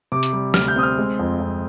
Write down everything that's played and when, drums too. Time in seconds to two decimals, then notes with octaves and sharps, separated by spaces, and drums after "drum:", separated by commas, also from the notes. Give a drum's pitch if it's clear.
0.12 C3 D6
0.23 drum: hi-hat
0.33 G3
0.54 D2 F6, drum: snare
0.68 G6
0.76 C4 D#6
0.83 F6
0.98 G#3
1.19 F2
1.40 F2